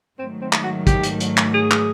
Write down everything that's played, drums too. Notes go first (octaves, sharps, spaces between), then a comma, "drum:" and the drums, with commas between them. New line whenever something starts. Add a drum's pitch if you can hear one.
G#2 D#3 F#3 A3 C4
C4
drum: clap
F#4
G4, drum: kick, hi-hat
drum: hi-hat
drum: hi-hat
drum: clap
G#4
drum: clap